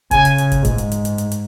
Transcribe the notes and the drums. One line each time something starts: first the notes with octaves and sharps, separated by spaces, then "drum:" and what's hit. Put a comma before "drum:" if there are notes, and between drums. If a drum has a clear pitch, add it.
C#3 G#5, drum: kick, hi-hat
drum: hi-hat
drum: hi-hat
drum: kick, hi-hat
G#2, drum: kick, hi-hat
drum: hi-hat
drum: hi-hat
drum: hi-hat
drum: hi-hat
drum: hi-hat